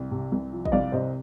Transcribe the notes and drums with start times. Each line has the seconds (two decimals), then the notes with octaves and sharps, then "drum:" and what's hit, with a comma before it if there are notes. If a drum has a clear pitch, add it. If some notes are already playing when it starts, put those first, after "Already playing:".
Already playing: C2
0.11 C3
0.32 C2
0.52 F3
0.65 D#5, drum: kick
0.72 C2 D5 F5
0.92 C3 C5 D#5